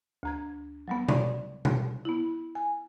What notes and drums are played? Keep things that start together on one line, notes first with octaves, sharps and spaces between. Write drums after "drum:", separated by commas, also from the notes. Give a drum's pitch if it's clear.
D2 A#5 G#6
F#3 G3 B3
D5, drum: tom B2
drum: tom B2
B3 E4
G#5